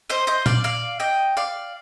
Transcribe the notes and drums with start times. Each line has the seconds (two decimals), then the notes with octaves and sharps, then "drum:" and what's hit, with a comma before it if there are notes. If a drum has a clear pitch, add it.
0.10 C5 D#5
0.27 C5 D#5
0.46 D5 F5, drum: tom A#2
0.64 D5 F5
1.00 D#5 G5
1.37 D5 F5